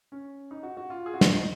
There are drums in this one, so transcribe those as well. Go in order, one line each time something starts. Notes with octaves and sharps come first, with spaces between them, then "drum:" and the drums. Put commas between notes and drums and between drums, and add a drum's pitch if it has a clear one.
C#4
D#4
F#4
F#4
F4
G#4
F#4
F4, drum: snare
D#4